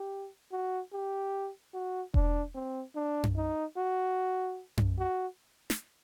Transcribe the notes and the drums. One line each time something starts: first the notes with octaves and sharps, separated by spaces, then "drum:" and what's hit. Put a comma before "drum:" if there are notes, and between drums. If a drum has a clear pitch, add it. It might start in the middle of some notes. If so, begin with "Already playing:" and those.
Already playing: G4
F#4
G4
F#4
D4, drum: kick E1
C4
D4
drum: tom F#2
D#4
F#4
drum: tom F#2
F#4
drum: snare